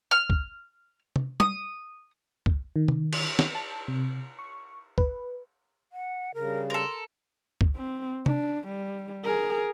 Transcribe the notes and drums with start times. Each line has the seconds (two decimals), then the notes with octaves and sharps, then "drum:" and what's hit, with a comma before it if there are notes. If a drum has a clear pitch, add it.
0.11 F6
0.30 drum: kick
1.16 drum: tom
1.40 D#6, drum: tom
2.46 drum: kick
2.76 D#3
2.88 drum: tom
3.13 drum: cymbal
3.39 drum: snare
3.55 A5
3.88 C3
4.39 C#6
4.98 B4, drum: kick
5.92 F#5
6.34 G2 C#3 A#4
6.70 A4 A#4 C6
7.61 drum: kick
7.76 C4
8.26 D4, drum: tom
8.68 G3
9.24 G#4 A#4